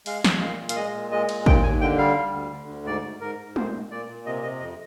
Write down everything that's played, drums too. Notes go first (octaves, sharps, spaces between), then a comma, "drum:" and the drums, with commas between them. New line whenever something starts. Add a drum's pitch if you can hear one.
G#3 F5, drum: open hi-hat
G#3, drum: snare
A#2 F5
A#2
F5, drum: hi-hat
G#3 D#5
A#2
G#3 D#5
A#2, drum: cymbal
D#2 G5, drum: kick G#1
D#2 G#5
D3 G5
G3 F5
G3
D2
D3
D2
G#2 D5
G#2
G#2 A#4
G#2
A#2 C5, drum: tom G#3
A#2
A#2 D5
A#2
C3 D#5
C3 D#5
F2 D#5